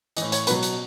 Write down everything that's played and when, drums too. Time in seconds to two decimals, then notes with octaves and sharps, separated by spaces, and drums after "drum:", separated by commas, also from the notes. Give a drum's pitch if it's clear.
0.17 E3 D#5, drum: hi-hat
0.22 A2
0.32 C#5, drum: hi-hat
0.47 B2 F#3 B4, drum: hi-hat
0.63 drum: hi-hat